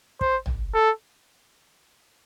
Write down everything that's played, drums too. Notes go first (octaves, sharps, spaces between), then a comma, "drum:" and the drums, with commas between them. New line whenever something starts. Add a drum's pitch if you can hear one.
C5, drum: kick
drum: tom
A4